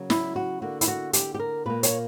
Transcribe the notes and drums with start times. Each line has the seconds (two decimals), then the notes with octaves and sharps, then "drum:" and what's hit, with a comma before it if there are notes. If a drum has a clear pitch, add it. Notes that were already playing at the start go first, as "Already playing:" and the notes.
Already playing: C#3 F#3 A#3
0.10 E4, drum: snare
0.36 F#4
0.62 D3 A#3 F#4
0.81 E4, drum: hi-hat
0.88 F#4
1.13 G4, drum: hi-hat
1.34 G4
1.39 A#4
1.66 A#2 A#3 B4
1.83 C#5, drum: hi-hat